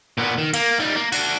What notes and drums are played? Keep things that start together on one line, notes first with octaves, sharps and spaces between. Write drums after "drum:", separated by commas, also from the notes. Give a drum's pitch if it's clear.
A#2 B3
D#3
A#3, drum: cymbal
D#3 G3
A#3
D4 F#4, drum: cymbal